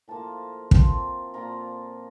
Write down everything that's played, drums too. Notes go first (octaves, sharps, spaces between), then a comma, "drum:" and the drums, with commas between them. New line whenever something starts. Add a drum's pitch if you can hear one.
A2 F3 A#3 F4 A5
F3 C4 F4, drum: kick
A#2 F3 A#3 F4 A#5